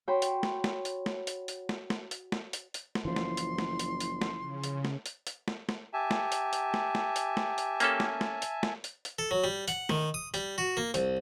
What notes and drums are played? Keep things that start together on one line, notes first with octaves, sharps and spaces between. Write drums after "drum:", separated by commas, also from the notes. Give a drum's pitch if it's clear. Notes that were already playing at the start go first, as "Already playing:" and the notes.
F#4 C#5 G5 B5 C6
drum: hi-hat
drum: snare
drum: snare
drum: hi-hat
drum: snare
drum: hi-hat
drum: hi-hat
drum: snare
drum: snare
drum: hi-hat
drum: snare
drum: hi-hat
drum: hi-hat
drum: snare
F#1 E3 F3 C6
drum: snare
drum: hi-hat
drum: snare
drum: hi-hat
drum: hi-hat
drum: snare
C#3
drum: hi-hat
drum: snare
drum: hi-hat
drum: hi-hat
drum: snare
drum: snare
G4 E5 G#5 A5
drum: snare
drum: hi-hat
drum: hi-hat
drum: snare
drum: snare
drum: hi-hat
drum: snare
drum: hi-hat
A#3 C#4 A4, drum: hi-hat
drum: snare
drum: snare
drum: hi-hat
drum: snare
drum: hi-hat
drum: hi-hat
A4
F#3
G3
F#5, drum: hi-hat
D#3, drum: snare
D#6
G3, drum: hi-hat
F#4
A#3
C2, drum: hi-hat